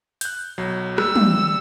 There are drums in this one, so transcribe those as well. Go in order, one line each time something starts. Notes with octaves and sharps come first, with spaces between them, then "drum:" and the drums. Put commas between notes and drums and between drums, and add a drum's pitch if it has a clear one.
F#6 G6, drum: hi-hat
B1 F#3
G3 E6, drum: rim click
drum: tom